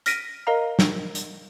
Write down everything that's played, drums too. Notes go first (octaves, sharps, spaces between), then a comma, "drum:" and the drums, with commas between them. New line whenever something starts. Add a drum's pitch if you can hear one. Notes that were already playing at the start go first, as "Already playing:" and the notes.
F6 A#6 B6 D7 D#7, drum: hi-hat
A#4 D#5 F5 A#5
drum: snare
drum: hi-hat